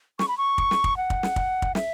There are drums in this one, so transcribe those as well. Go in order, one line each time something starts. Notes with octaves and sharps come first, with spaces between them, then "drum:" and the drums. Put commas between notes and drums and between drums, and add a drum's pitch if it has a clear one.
C#6, drum: snare
B5
C#6
drum: kick
drum: snare
drum: kick
F#5
drum: kick
drum: snare
drum: kick
drum: kick
E5, drum: snare